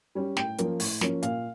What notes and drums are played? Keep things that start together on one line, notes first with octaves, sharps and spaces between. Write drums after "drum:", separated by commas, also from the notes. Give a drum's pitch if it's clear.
G3 C#4
A2 G5, drum: snare
F3 A#3 C#4, drum: hi-hat
A2, drum: open hi-hat
F3 A#3 C#4, drum: snare
A#2 F5, drum: hi-hat